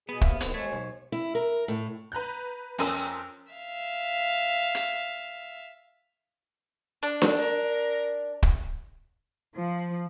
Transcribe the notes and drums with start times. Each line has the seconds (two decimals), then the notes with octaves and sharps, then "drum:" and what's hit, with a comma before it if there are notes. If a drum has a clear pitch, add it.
0.09 B2 B3 G#4
0.21 D#2 E5 F5, drum: kick
0.41 E2 D#3 C5, drum: hi-hat
0.54 D#2 G#3 A3 C5 C#5 G#6
0.72 B1
1.12 E4
1.35 A#4
1.68 A2
2.12 B4 A#5 F#6 G6
2.78 F2 C#4 A#4 C6 D#6 E6, drum: open hi-hat
3.53 E5 F5
4.75 drum: hi-hat
7.03 D4
7.22 drum: snare D4
7.38 A#4
8.43 drum: kick
9.55 F3